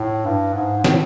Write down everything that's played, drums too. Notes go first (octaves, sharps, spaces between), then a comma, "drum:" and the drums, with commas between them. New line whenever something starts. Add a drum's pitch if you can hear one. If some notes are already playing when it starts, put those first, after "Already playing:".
Already playing: A2
G2
G#2
G#2
A2, drum: snare